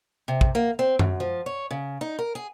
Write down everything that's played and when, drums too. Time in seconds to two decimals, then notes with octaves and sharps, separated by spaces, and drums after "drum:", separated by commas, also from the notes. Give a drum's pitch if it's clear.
0.28 C3
0.41 drum: kick
0.55 A#3
0.79 C4
0.99 F#2, drum: tom F#2
1.20 F3
1.46 C#5
1.71 C#3
2.01 D#4
2.19 A#4
2.35 G#4